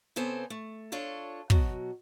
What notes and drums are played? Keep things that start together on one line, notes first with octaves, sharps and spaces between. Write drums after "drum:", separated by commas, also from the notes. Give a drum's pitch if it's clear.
C#3 B3 C4 A4 C5 G#5
A3
D4 F4 A4 C#5
B2 F#3, drum: kick